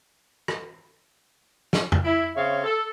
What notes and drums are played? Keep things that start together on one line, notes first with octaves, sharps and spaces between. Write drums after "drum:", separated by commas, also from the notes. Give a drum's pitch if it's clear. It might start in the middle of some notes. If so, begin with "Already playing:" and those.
drum: rim click
drum: snare
drum: tom F2
E4
C#3 C4 C#5 E5 F5
A4